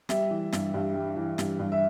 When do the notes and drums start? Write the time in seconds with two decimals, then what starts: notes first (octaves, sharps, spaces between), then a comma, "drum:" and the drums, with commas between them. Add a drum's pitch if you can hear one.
0.09 G3 E5, drum: snare
0.31 E3
0.53 G2, drum: snare
0.74 G2
0.95 G3
1.17 E3
1.38 G2, drum: snare
1.59 G2
1.72 E5